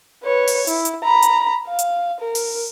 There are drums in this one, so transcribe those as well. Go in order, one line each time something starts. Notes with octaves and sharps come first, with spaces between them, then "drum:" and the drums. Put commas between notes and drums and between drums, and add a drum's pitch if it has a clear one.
B4 C#5
drum: open hi-hat
E4, drum: hi-hat
drum: hi-hat
A#5 B5
drum: hi-hat
F5
drum: hi-hat
A#4
drum: open hi-hat